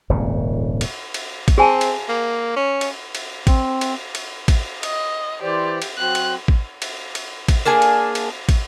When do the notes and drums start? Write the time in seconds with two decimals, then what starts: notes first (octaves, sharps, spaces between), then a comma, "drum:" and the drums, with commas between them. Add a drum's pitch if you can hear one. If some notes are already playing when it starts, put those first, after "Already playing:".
0.09 D#1 G#1 F2 C#3
0.81 drum: cymbal
1.14 drum: cymbal
1.48 drum: kick, cymbal
1.58 C4 G#4 G#5 A5
1.81 drum: cymbal
2.09 A#3
2.56 C#4
2.81 drum: cymbal
3.15 drum: cymbal
3.47 C4, drum: kick, cymbal
3.81 drum: cymbal
4.15 drum: cymbal
4.48 drum: kick, cymbal
4.83 D#5, drum: cymbal
5.42 E3 G4 C5 D5
5.82 drum: cymbal
5.98 F#3 C4 F#6
6.15 drum: cymbal
6.48 drum: kick
6.82 drum: cymbal
7.15 drum: cymbal
7.48 drum: kick, cymbal
7.65 A#3 D4 G#4 G#5
7.82 drum: cymbal
8.15 drum: cymbal
8.49 drum: kick, cymbal